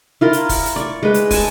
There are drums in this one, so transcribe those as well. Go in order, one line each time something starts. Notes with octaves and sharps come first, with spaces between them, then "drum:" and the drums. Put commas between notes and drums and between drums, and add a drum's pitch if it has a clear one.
E4 F4 A#4
drum: hi-hat
drum: kick, open hi-hat
drum: hi-hat
D5 C#6
G#3 B4
drum: hi-hat
G#5 A5, drum: kick, open hi-hat